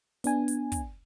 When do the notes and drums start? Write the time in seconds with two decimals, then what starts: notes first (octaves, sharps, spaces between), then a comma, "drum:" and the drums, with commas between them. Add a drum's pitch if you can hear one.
0.24 B3 D4 G#5, drum: hi-hat
0.48 drum: hi-hat
0.72 drum: kick, hi-hat